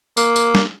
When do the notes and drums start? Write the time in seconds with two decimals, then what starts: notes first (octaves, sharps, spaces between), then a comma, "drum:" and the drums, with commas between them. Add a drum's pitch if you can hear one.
0.17 A#3, drum: tambourine
0.36 drum: tambourine
0.55 drum: snare